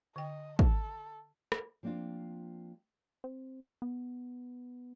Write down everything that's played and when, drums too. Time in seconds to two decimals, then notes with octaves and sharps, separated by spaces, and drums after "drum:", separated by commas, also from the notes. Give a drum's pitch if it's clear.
0.16 D3 D#5 G5
0.59 A4, drum: kick
1.52 drum: rim click
1.83 F3 A#3 C4 D4 F4
3.24 C4
3.82 B3